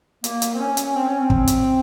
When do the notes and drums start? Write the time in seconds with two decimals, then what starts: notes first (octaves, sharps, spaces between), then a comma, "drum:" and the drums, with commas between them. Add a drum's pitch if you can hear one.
0.24 A#3, drum: hi-hat
0.42 drum: hi-hat
0.55 C4
0.60 C#4
0.77 drum: hi-hat
0.95 C4
1.08 C#4
1.20 C4
1.30 drum: kick
1.47 drum: hi-hat